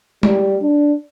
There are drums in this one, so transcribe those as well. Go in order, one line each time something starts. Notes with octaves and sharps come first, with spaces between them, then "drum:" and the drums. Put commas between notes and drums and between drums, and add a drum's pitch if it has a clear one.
G3, drum: tom G#3
D4